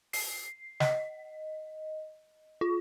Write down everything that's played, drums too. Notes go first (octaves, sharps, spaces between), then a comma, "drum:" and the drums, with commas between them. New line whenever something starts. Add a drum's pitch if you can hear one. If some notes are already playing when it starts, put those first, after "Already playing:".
C7, drum: open hi-hat
D#5, drum: snare
F4